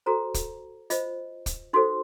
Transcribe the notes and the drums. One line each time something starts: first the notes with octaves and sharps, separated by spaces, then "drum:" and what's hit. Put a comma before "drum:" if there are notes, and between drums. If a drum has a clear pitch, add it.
F#4 A4 C5 A#5
drum: kick, hi-hat
F4 C5 D#5, drum: hi-hat
drum: kick, hi-hat
D#4 F#4 A4 C5 C6